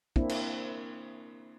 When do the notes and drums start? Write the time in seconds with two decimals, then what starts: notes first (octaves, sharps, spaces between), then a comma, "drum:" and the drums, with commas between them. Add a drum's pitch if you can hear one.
0.16 A#3 C4 D4 E4, drum: kick
0.29 drum: cymbal